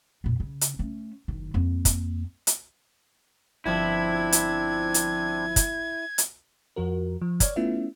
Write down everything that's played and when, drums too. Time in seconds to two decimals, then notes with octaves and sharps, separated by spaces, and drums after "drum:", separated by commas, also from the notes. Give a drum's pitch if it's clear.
0.24 F2 A#2
0.40 C#3
0.61 drum: hi-hat
0.79 A3 C#4
1.28 F#1 D#3
1.54 F2 A#3
1.85 drum: kick, hi-hat
2.47 drum: hi-hat
3.65 G1 F3 C4 D4 E4 B5 G#6
4.32 drum: hi-hat
4.94 drum: hi-hat
5.56 drum: kick, hi-hat
6.18 drum: hi-hat
6.76 F2 F3 F#4 A#4
7.21 F3
7.40 C#5 D5 F6 G#6, drum: kick, hi-hat
7.56 A3 B3 C#4 E4 F4 E5